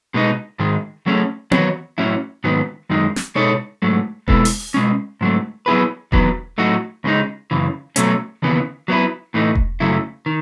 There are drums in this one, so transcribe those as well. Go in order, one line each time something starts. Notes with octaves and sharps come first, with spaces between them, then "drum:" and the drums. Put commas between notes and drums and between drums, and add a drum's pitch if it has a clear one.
B2 G#3 B3 D#4
G#2 D#3 G#3
F#3 A3 C#4 G#4
D#3 F#3 B3 F#4 C#5, drum: tom B3
A2 F#3 C#4 E4
G#2 D#3 F#3 B3
F#2 D#3 G#3 D#4
drum: snare
B2 G#3 D#4 A4 C#5
G#2 F#3 A3
B2 G#3 B3 E4 A4, drum: kick E1
drum: open hi-hat
B2 G#3 C#4
G#2 F#3 A3
F#3 B3 E4 G#4 B4
E2 D#3 F#3 B3, drum: kick E1
A2 F#3 A3 D#4 F#4
C#2 C#3 G#3 D#4
F#2 C#3 E3
B2 F#3 A3 C#4, drum: hi-hat
D#2 C#3 E3 B3
F#3 B3 E4 B4
A2 E3 A3 D#4
drum: kick E1
F#2 C#3 F#3 A3 E4
D#3